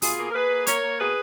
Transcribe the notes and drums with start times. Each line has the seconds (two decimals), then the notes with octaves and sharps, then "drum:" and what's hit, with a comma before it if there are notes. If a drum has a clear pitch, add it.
0.02 B2 F4 G#4, drum: open hi-hat
0.18 A#3
0.31 A#4
0.34 A#3 G#4 B4
0.50 A#3
0.67 A#3 A#4 C#5, drum: hi-hat
0.83 A#3
0.99 B2 G#4 B4